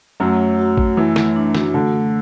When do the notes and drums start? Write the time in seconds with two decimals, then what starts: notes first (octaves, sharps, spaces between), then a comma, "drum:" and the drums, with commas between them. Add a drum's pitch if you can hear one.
0.20 F#2 F#3 A3
0.39 A3
0.59 F#4
0.78 A3, drum: kick A1
0.97 E3 A3
1.16 A3, drum: snare
1.36 D4
1.55 F#4, drum: snare
1.73 D3 A3
1.93 A3